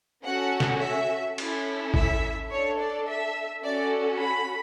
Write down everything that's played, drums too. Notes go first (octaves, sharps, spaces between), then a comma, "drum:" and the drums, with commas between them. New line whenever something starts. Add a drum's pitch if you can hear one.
C#4 F#4 A4 F#5
drum: snare
E5
C#4 E4 A4, drum: cymbal
E5, drum: kick G#1
D4 A4 C#5
D5
E5
C#4 F#4 A4 D5
B5